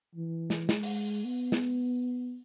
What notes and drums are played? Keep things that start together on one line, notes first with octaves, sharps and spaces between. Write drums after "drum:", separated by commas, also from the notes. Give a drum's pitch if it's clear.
E3
drum: snare
G#3, drum: snare
drum: open hi-hat
B3
drum: snare